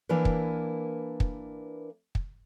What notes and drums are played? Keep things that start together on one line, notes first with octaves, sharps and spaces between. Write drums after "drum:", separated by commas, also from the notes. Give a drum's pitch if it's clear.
E3 A#3 D4 E4 A#4 B4
drum: kick
drum: kick
drum: kick